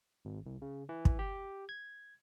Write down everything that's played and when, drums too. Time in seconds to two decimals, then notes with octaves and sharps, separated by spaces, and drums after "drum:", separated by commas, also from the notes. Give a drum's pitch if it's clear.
0.25 G#1
0.46 C2
0.62 C#3
0.89 E3
1.05 drum: kick
1.19 G4
1.69 G#6